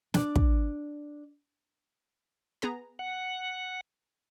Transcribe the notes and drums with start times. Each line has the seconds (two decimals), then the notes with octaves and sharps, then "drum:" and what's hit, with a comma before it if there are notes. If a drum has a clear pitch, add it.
0.14 D4 D5, drum: snare
0.36 drum: kick
2.62 B3 G#4 A#5
2.99 F#5